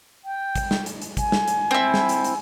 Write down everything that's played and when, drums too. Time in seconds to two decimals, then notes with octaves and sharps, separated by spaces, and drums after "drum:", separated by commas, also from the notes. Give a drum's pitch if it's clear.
0.25 G5
0.55 drum: kick, hi-hat
0.71 drum: snare
0.86 drum: hi-hat
1.02 drum: hi-hat
1.17 G#5, drum: kick, hi-hat
1.32 drum: snare
1.48 drum: hi-hat
1.71 C4 E4
1.94 drum: snare
2.09 drum: hi-hat
2.24 drum: hi-hat